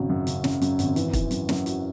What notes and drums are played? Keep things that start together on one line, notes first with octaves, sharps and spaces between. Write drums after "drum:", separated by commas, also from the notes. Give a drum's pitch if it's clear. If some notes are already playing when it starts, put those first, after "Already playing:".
Already playing: G#1 C#3 F#3
F#2
C#3, drum: hi-hat
C#3, drum: snare
F#2, drum: hi-hat
G#1, drum: hi-hat
E3, drum: hi-hat
E3, drum: kick, hi-hat
F#2, drum: hi-hat
F#2, drum: snare
F#4, drum: hi-hat